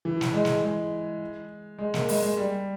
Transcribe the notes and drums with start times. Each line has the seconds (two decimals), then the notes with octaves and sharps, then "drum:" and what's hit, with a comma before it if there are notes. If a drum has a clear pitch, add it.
0.05 E3
0.21 drum: snare
0.34 G#3
0.45 drum: snare
0.62 G#3
1.78 G#3
1.94 A#3, drum: snare
2.09 G#3, drum: open hi-hat
2.22 G#3
2.37 G3